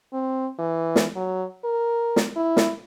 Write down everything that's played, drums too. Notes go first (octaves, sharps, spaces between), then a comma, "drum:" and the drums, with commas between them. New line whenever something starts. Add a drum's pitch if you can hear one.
C4
E3
drum: snare
F#3
A#4
drum: snare
E4
drum: snare